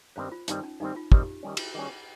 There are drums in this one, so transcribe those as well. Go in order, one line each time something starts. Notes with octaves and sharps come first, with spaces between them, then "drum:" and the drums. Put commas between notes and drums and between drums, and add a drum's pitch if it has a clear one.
G2 D#3 G3 C4 C5
F4
G2 D#3 G3 C4 D#4, drum: hi-hat
C#4
G2 D#3 G3 C4 D#4
F4
G2 D#3 G3 C4 G4, drum: kick
D#3 G3 C#4
drum: cymbal
D#3 G3 C#4 G#4